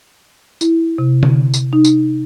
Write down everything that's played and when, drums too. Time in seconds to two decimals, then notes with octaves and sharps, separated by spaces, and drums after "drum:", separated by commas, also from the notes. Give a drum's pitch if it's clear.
0.61 E4, drum: tambourine
0.98 C3
1.23 drum: tom D3
1.54 drum: tambourine
1.73 D#4
1.85 drum: tambourine